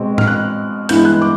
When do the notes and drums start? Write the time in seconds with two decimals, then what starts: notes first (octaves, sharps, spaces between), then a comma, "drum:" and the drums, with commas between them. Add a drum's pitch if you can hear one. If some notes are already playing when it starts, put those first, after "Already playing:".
Already playing: B2 G#3 C4
0.18 F6, drum: tom G#2
0.27 F#6
0.89 G2 E3 G#3 B3 E4 G6, drum: hi-hat
1.05 F#6
1.22 D6